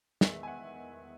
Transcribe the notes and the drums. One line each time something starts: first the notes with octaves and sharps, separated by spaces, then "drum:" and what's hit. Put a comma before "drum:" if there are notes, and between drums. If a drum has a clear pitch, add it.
E2 D#3 G#3 D#4 E5, drum: snare
G#5
F#5